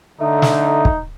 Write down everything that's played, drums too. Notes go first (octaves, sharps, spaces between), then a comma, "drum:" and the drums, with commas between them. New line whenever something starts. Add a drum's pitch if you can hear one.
D3 A3 D#4
drum: snare
drum: kick